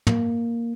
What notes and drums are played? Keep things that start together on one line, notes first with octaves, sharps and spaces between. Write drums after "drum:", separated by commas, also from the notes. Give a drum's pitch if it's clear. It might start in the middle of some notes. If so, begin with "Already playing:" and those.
A#3, drum: tom